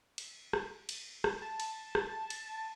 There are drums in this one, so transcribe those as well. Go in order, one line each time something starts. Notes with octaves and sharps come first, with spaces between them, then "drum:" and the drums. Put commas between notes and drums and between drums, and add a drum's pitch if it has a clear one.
drum: cymbal
drum: rim click
drum: cymbal
drum: rim click
A5
drum: cymbal
drum: rim click
drum: cymbal